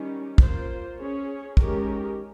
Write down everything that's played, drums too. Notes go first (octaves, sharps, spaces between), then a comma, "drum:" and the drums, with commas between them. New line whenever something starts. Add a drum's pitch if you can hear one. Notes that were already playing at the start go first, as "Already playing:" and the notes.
Already playing: D#3 G3 C#4
A#3 F4 C5, drum: kick
C#4 G#4 C#5
D#3 G#3 C#4 G4 A#4, drum: kick